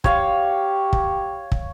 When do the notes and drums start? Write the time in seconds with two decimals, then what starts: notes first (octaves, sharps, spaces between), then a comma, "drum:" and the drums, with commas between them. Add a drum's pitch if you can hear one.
0.04 G4 C#5 F5, drum: kick
0.93 drum: kick
1.52 drum: kick